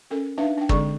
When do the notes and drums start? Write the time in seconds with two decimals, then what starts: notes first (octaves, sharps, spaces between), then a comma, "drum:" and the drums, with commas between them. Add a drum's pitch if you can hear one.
0.11 C#4 A4 A#4
0.38 D4 D#4 B4 E5 F5
0.58 D4 G5
0.69 D3 G#3 C4 G#4 D5 C#6, drum: kick